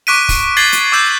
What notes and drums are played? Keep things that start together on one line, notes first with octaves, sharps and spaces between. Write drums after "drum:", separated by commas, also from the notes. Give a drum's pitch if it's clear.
C#6 D6 F#6 B6 D7 D#7
drum: kick, open hi-hat
G#6 A6 C7 F#7 G7
drum: hi-hat
D6 E6 G6 C7